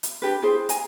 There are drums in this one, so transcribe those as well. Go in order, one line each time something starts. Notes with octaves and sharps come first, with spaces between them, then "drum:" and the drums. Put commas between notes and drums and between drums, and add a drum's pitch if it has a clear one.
drum: hi-hat
D4 G4 B4
E4 G#4 C5
G#5 A#5, drum: hi-hat